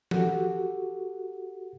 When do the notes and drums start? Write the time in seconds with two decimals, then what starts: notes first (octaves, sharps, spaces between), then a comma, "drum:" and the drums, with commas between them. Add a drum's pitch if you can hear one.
0.11 F#4 G4 A4 F#5, drum: tom F3